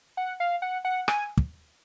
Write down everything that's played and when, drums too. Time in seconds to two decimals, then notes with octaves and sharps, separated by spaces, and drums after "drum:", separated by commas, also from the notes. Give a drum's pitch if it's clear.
0.17 F#5
0.40 F5
0.62 F#5
0.85 F#5
1.08 G#5, drum: rim click
1.37 drum: kick